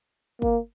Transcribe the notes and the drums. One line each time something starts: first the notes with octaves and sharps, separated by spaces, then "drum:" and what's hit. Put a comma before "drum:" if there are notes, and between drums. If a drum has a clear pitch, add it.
A#3, drum: kick G1